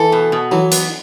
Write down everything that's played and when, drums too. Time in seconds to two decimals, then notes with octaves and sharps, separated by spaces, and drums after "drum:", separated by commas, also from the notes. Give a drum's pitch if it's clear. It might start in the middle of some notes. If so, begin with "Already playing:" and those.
Already playing: E3 A4
0.12 B2
0.32 B2
0.52 E3 F#3
0.71 B3, drum: hi-hat